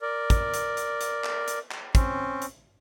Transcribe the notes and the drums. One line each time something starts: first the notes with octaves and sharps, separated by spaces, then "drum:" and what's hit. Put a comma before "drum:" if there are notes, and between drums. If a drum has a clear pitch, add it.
A#4 D5
drum: kick, hi-hat
drum: hi-hat
drum: hi-hat
drum: hi-hat
drum: clap
drum: hi-hat
drum: clap
C4 C#4, drum: kick, hi-hat
drum: hi-hat